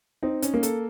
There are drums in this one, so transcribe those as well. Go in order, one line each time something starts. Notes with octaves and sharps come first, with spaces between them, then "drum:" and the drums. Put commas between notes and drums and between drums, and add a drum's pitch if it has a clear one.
C4 D#4
C#4, drum: hi-hat
A#3
A4, drum: hi-hat